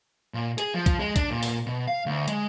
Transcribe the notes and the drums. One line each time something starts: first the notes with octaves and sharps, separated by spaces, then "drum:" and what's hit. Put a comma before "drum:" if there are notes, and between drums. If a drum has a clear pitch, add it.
A#2
G#4, drum: hi-hat
F3
drum: kick, hi-hat
G#3
D4, drum: kick, hi-hat
A#2
drum: open hi-hat
B2
F5
D2
G#3, drum: hi-hat